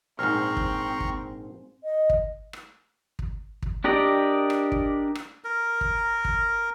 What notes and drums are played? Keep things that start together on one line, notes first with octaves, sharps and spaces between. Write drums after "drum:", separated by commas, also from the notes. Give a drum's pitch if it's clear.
A#1 G#2 C4 A#5 C6 C#6 F6
drum: kick
drum: kick
D#5
drum: kick
drum: rim click
drum: kick
drum: kick
D4 G4 A#4 D5 D#5
drum: rim click
drum: kick
drum: rim click
A#4
drum: kick
drum: kick